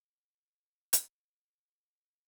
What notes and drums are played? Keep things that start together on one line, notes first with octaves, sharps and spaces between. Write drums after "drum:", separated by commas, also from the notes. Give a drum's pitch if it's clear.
B5 C#6 D#6 G6 B6 C#7
drum: hi-hat
G5 A#6 D#7
C#2 D4 D#4 A4 D#5